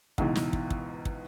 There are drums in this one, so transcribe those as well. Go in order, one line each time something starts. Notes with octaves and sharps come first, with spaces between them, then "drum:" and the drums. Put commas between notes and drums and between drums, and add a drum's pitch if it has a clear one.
C#2 G#2 B2 E3, drum: kick
drum: snare
drum: kick
drum: kick
drum: kick